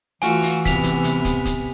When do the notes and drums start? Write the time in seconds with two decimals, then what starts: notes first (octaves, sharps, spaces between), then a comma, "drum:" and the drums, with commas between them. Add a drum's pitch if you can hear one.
0.22 E3 A3 F4 F#4 G#5, drum: hi-hat
0.42 drum: open hi-hat
0.65 C3 G3 B3 B6 F7, drum: kick, hi-hat
0.84 drum: hi-hat
1.04 drum: hi-hat
1.25 drum: kick, hi-hat
1.45 drum: kick, hi-hat